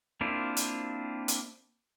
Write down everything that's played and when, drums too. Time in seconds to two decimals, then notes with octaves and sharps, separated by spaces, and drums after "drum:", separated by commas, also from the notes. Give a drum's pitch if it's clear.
0.21 A#3 C4 D4 E4 F4
0.57 drum: hi-hat
1.28 drum: hi-hat